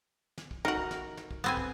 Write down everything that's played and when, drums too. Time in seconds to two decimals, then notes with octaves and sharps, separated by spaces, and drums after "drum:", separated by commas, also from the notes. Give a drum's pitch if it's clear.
0.38 drum: snare
0.51 drum: kick
0.65 D#4 F#4 A#4
0.77 drum: kick
0.91 drum: snare
1.17 drum: snare
1.31 drum: kick
1.44 B3 C4 G#5
1.57 drum: kick